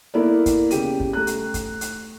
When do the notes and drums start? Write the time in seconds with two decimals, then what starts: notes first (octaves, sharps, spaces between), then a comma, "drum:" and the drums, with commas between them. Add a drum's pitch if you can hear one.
0.14 A#3 B3 E4 A4 A#4 D5
0.46 drum: kick, hi-hat
0.71 C#3 G4 D#7, drum: hi-hat
1.00 drum: kick
1.13 A3 A#5 F#6
1.27 drum: hi-hat
1.54 drum: kick, hi-hat
1.81 drum: hi-hat